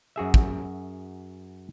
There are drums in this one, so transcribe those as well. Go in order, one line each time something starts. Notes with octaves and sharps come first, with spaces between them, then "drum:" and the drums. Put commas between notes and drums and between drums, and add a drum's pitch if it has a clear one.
F#2 F#4 G#4 E5
drum: kick